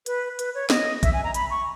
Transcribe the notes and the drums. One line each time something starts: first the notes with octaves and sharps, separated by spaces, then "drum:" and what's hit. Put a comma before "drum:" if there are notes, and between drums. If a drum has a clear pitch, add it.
B4, drum: hi-hat
B4, drum: hi-hat
C#5
D#5, drum: snare
E5, drum: kick, hi-hat
G#5
A#5
B5, drum: hi-hat
C#6